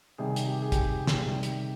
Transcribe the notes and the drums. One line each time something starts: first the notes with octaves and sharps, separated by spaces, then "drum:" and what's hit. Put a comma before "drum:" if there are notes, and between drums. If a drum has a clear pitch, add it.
C3 D#3 G3 G#4
drum: hi-hat
G4
G#4
G4, drum: kick, hi-hat
drum: snare
C3 D#3 G3
drum: hi-hat